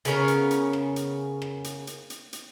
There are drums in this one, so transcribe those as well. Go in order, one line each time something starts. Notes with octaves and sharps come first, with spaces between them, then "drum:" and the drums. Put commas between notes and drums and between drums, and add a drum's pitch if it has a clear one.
C#3 B3 C#4 A#4, drum: hi-hat
drum: hi-hat
drum: hi-hat
drum: rim click
drum: hi-hat
drum: rim click
drum: hi-hat
drum: hi-hat
drum: hi-hat
drum: hi-hat